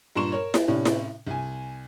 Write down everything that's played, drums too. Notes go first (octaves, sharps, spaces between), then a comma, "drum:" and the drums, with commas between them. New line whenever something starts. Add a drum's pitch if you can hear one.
G2 A#2 A#5 C6 C#6 E7
A#4 C#5
drum: snare E4
A2 C3 C#4 D4
drum: snare E4
C2 G#5